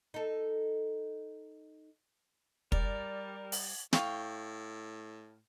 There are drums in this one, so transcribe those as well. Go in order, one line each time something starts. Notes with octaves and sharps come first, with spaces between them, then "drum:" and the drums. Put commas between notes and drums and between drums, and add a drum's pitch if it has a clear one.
D#4 A4
G3 A#4 D5, drum: kick
drum: open hi-hat
A2 F5 G5 C#6, drum: snare